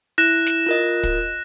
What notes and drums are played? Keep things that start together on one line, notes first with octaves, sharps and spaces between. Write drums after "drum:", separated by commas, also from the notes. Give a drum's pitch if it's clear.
E4 F#6 A#6 E7, drum: hi-hat
drum: snare
F4 A#4 D#5
drum: kick, hi-hat